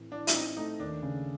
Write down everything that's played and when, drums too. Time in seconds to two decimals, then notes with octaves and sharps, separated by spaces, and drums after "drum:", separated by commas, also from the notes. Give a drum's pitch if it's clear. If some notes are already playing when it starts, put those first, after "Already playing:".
Already playing: A2 E3 C4
0.11 E3 D4
0.27 E4, drum: hi-hat
0.35 C4 D#4
0.57 A3 D#4
0.80 D#2 D4
1.02 C#3